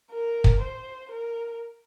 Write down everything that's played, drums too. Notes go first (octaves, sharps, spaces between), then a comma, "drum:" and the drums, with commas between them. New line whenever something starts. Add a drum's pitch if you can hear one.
A#4
drum: kick
C5
A#4